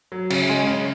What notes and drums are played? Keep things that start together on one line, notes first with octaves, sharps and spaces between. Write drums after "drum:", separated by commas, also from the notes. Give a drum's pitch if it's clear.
F#3
C#3, drum: cymbal
G#3 G#4
C#3